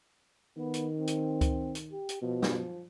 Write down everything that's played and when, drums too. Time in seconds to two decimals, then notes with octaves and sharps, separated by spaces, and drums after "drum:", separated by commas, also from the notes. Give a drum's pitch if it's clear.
0.57 D#3 B3
0.74 drum: hi-hat
0.97 C4
1.07 drum: hi-hat
1.41 drum: kick C#2, hi-hat
1.75 drum: hi-hat
1.92 G4
2.09 drum: hi-hat
2.22 B2 F3
2.42 drum: snare